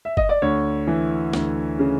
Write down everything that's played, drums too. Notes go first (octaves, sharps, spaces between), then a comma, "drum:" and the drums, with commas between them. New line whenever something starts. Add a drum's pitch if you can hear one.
E5
D#5, drum: kick F#1
D5
D2 C#5
E3
D2, drum: snare
C#3